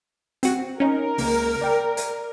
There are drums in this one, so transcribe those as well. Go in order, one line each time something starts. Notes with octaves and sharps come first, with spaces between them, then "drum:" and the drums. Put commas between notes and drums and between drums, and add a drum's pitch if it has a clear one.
C4 F#4, drum: hi-hat
C#4 D#4 A#4
C#2 A#3, drum: open hi-hat
D5 G5
drum: hi-hat